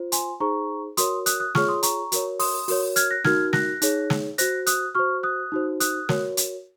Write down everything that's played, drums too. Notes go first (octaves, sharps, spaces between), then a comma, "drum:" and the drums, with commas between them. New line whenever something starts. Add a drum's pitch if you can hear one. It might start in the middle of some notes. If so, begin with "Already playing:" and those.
Already playing: F4 C5
G#5 C6, drum: hi-hat
D#4 G#4 C5 A#5 C#6
F#4 A#4 C#5 C6 D#6, drum: hi-hat
D#6 F#6, drum: hi-hat
D#6 F#6
F4 G#4 C#5 C#6 F6, drum: snare
C6 D#6
A#5 C#6, drum: hi-hat
F#4 A#4 C#5, drum: hi-hat
C6 D#6, drum: open hi-hat
F#4 A#4 C#5, drum: open hi-hat
F6 G#6, drum: hi-hat
F#6 A#6
D#4 F#4 A#4 F6 G#6, drum: snare
F#6 A#6, drum: snare
D#4 G#4 C#5, drum: hi-hat
drum: snare
F#4 C5 F#6 A#6, drum: hi-hat
D#6 F#6, drum: hi-hat
F#4 C5 C#6 F6
D#6 F#6
D#4 F#4 C5
D#6 F#6, drum: hi-hat
F#4 A#4 C#5, drum: snare
drum: hi-hat